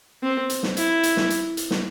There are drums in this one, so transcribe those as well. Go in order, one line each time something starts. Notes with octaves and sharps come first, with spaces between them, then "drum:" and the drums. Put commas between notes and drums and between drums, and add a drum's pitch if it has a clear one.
C4
drum: hi-hat
drum: snare
E4, drum: hi-hat
drum: hi-hat
drum: snare
drum: hi-hat
drum: hi-hat
drum: snare